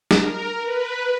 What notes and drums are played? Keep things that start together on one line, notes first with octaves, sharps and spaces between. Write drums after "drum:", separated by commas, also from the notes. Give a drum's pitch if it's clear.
A#4, drum: snare
B4